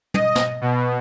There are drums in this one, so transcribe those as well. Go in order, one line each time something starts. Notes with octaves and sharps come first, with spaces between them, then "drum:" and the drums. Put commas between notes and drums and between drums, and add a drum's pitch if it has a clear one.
D#5, drum: tom
drum: snare
B2